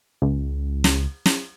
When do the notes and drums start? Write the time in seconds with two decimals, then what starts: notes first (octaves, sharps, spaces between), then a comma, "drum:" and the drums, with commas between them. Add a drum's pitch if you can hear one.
0.22 C#2
0.84 drum: snare
1.26 drum: snare